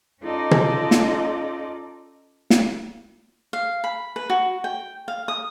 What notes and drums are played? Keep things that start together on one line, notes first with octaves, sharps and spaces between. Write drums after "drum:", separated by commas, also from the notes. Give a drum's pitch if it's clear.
C#4 D#4 F4 A4 D5 D#5
drum: tom
drum: snare
drum: snare
F5
B5
B4
F#4
G5
F5
D#6